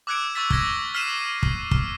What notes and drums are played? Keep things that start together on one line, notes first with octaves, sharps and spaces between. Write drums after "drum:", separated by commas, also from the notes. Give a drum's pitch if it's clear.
D6 E6 F#6 G#6 C#7 D7
C#6 E6 A6 B6
E6 F6 G#6 A#6 B6, drum: kick
E6 F6 B6 C7 D#7 E7
drum: kick
F6, drum: kick